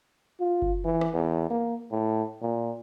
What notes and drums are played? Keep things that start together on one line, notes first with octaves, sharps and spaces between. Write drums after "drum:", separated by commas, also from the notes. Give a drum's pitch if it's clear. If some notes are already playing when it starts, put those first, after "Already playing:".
F4
drum: kick F#1
E3
drum: rim click
E2
A#3
A2
A#2